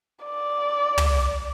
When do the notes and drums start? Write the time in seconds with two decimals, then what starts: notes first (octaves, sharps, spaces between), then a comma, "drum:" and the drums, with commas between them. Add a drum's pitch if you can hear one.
0.25 D5
0.98 drum: tom